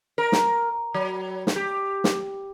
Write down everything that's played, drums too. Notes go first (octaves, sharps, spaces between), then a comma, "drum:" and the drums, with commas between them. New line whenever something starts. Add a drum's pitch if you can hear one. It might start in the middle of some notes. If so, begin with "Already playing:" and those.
A#4
drum: snare
F#3
drum: snare
G4
drum: snare